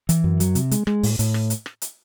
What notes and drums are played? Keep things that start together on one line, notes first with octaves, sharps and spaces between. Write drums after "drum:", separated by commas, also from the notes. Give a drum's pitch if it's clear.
E3, drum: hi-hat
F#2
F#3, drum: hi-hat
C3, drum: hi-hat
G#3, drum: hi-hat
G#3, drum: rim click
A2, drum: open hi-hat
A2, drum: hi-hat
drum: rim click
drum: hi-hat
drum: rim click
drum: hi-hat